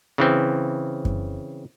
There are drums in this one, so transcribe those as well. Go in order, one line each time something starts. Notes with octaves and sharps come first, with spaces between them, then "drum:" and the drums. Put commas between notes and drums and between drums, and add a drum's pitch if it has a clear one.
C#3 E3 C4
drum: kick F#2